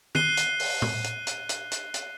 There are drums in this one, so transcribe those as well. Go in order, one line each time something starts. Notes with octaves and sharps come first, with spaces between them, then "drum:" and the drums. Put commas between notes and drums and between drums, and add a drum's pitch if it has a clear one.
F#6 C7 D#7 G7, drum: tom D#3
drum: hi-hat
drum: open hi-hat
drum: tom A2
drum: hi-hat
drum: hi-hat
drum: hi-hat
drum: hi-hat
drum: hi-hat